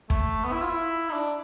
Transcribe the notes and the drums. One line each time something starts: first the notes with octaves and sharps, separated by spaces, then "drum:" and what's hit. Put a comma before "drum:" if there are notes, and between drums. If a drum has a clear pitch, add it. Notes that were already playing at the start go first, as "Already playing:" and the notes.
A3, drum: kick
B3
E4
F4
E4
D#4
D4